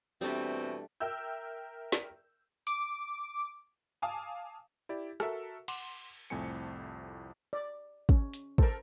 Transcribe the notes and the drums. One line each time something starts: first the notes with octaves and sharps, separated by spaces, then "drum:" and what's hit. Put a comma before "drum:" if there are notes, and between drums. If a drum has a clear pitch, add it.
B2 E3 G3 A3 C4 D4
A#4 E5 G5 E6 G6
drum: snare
D6, drum: hi-hat
F5 G#5 A5 D6 D#6
E4 G4 D5
F#4 A4 A#4 E5, drum: rim click
F#5 C6 D6, drum: cymbal
C2 F2 A2 C4 G#5 C#7
D5
C#4, drum: kick
drum: hi-hat
A4 A#4 C5 A5, drum: kick